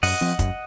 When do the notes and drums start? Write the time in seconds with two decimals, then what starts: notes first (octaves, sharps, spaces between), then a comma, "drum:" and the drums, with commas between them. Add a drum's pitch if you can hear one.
0.03 F#2 D#5 F#5, drum: open hi-hat
0.21 F3 C4
0.39 F#2, drum: kick, hi-hat